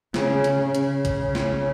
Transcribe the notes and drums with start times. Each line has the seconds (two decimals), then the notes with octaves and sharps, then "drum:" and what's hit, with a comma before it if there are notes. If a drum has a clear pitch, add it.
0.14 C#3, drum: snare
0.44 drum: hi-hat
0.60 C#3
0.75 drum: hi-hat
1.05 drum: kick A1, hi-hat
1.35 drum: snare